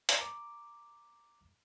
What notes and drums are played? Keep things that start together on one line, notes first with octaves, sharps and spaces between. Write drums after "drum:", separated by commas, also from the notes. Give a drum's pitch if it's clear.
drum: open hi-hat
A#5 D6